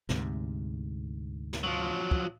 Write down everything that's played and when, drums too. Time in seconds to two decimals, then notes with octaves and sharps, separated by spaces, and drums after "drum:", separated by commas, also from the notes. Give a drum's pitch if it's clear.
0.09 D2 G#2 C3, drum: snare
1.53 drum: snare
1.64 F3 F#3
2.11 drum: kick